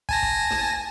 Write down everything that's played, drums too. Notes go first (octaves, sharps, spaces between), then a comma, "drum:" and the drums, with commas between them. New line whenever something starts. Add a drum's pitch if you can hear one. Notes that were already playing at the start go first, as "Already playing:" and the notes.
G#5 A5 A#6, drum: kick
drum: kick
drum: snare